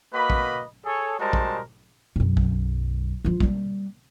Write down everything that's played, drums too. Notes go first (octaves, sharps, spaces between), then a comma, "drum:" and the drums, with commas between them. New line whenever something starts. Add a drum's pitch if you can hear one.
A#3 F#4 B4 D#5 B5
drum: kick
G#4 A4 C#5
G3 G#3 F#4 A#4 C5 A5
drum: kick
B1 F#2
drum: kick
F3 F4
G3 A#3, drum: kick